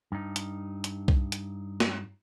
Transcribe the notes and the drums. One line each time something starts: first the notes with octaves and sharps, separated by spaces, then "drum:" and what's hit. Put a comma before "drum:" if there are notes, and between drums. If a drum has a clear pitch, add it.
G2 D#4
drum: hi-hat
drum: hi-hat
drum: kick C2
drum: hi-hat
drum: snare